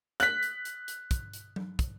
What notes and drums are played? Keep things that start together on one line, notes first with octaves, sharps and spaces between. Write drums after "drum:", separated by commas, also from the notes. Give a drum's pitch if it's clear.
F#6 B6, drum: hi-hat
drum: hi-hat
drum: hi-hat
drum: hi-hat
drum: kick, hi-hat
drum: hi-hat
drum: tom F#3
drum: kick, hi-hat